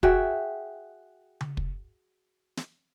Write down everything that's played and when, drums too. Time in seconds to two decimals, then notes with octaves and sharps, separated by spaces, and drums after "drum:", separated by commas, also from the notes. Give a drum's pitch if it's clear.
0.03 F#4 G#4 E5 G5, drum: kick
1.41 drum: tom C#3
1.57 drum: kick
2.57 drum: snare